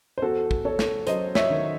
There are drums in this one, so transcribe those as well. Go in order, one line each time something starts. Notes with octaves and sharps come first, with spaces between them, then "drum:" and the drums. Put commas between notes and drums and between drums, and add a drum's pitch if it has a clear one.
C5
E2 F#4 A4
drum: kick
E2 A4 C#5
drum: snare
F#3 C5 D#5, drum: hi-hat
C#5 E5, drum: snare
D#3